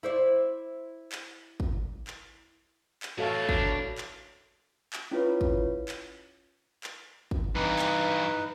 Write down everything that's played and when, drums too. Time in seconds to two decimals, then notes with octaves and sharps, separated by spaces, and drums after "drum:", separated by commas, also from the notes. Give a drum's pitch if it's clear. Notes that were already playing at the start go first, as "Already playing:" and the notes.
0.03 E4 C5 D5
1.12 drum: clap
1.60 drum: kick
2.07 drum: clap
3.03 drum: clap
3.18 A2 E3 F#4 A4 C#5 F5 A5
3.49 D4, drum: kick
3.98 drum: clap
4.93 drum: clap
5.11 C#4 E4 F4 B4 C#5
5.41 drum: kick
5.88 drum: clap
6.84 drum: clap
7.31 drum: kick
7.55 G2 E3 D#4 B4
7.79 drum: clap